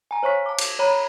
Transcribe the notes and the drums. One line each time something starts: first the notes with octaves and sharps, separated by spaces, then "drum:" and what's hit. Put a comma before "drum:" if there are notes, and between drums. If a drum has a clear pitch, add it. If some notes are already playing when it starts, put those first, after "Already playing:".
G#5 A#5
C5 C#5 F5 C#6 B6
A5 D6
drum: cymbal
C#5 A#5 B5